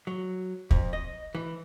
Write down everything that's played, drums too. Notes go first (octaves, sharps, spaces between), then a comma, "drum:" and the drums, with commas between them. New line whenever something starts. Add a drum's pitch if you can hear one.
F#3
F2, drum: kick
D#5
E3